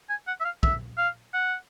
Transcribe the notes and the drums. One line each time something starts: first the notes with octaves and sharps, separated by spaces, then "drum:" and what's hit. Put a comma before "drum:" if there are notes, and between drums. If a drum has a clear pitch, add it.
G#5
F#5
E5
F5
E5, drum: kick
F5
F#5